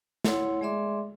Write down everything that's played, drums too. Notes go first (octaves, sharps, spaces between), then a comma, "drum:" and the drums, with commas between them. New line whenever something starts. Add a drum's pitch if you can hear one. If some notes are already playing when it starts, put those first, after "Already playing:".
E4 C#5 F#5 C6, drum: snare
G#3 G#4 D5 E5 C6 D6